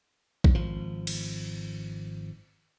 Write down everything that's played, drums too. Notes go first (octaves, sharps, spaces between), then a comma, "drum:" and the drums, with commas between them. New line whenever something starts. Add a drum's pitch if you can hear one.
drum: kick A#1
G#1 F3
drum: cymbal